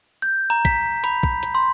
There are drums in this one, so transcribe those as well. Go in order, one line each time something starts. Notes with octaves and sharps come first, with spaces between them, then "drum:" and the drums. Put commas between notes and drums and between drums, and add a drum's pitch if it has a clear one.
G6
A#5
B6, drum: kick, hi-hat
B5, drum: hi-hat
drum: kick
drum: hi-hat
C6